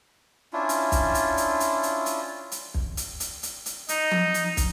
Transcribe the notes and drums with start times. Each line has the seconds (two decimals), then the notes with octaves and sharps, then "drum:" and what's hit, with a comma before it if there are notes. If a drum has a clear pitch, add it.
0.53 C#4 D4 E4 F4
0.69 drum: hi-hat
0.92 drum: kick, hi-hat
1.15 drum: hi-hat
1.37 drum: hi-hat
1.60 drum: hi-hat
1.83 drum: hi-hat
2.06 drum: hi-hat
2.52 drum: hi-hat
2.74 drum: kick
2.97 drum: hi-hat
3.20 drum: hi-hat
3.43 drum: hi-hat
3.66 drum: hi-hat
3.89 D#4, drum: hi-hat
4.11 drum: tom F3
4.34 drum: hi-hat
4.57 drum: kick, hi-hat